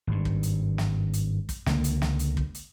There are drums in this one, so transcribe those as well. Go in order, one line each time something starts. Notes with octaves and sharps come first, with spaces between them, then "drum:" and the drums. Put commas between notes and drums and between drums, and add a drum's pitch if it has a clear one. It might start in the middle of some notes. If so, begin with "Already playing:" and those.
G#1 G2
drum: kick
drum: hi-hat
drum: snare
drum: hi-hat
drum: kick, hi-hat
C#2 D3 F3 A#3, drum: snare
drum: hi-hat
drum: snare
drum: hi-hat
drum: kick
drum: hi-hat